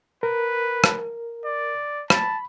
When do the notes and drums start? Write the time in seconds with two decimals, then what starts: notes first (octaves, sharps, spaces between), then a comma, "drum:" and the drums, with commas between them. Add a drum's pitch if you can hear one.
0.23 A#4 B4
0.84 drum: rim click
1.45 D5
2.10 A5 B5, drum: rim click